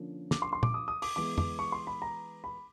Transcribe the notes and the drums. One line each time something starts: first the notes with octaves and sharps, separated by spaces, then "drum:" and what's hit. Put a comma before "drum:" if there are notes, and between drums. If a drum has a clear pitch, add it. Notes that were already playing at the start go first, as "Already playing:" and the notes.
Already playing: D3 F3 A#3 C#4
D6, drum: snare
C6
C6
D6, drum: tom A#2
D#6
D#6
D6, drum: open hi-hat
E3 G#3 B3 D6
D6, drum: tom F2
C#6
C6
B5
A#5
B5